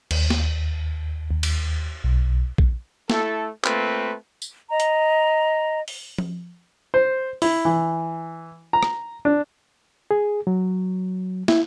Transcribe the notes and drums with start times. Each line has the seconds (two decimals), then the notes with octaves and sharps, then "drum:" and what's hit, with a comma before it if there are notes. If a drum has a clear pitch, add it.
0.11 D#2, drum: cymbal
0.30 drum: snare
1.31 D#2
1.43 drum: cymbal
2.04 B1
2.58 drum: kick A#1
3.10 A3 E4 A4, drum: snare
3.64 A3 A#3 C4 F4 B4, drum: clap
4.42 drum: tambourine
4.69 D#5 A#5
4.80 drum: hi-hat
5.88 drum: open hi-hat
6.18 drum: tom F3
6.94 C5
7.42 E4, drum: open hi-hat
7.65 E3
8.73 A#5
8.83 drum: rim click
9.25 D4
10.11 G#4
10.47 F#3
11.48 E4, drum: snare